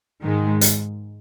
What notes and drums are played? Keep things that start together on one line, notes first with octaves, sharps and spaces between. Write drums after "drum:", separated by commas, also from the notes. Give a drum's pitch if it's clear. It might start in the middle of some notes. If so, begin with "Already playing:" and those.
G#2 D#3 G#3
drum: hi-hat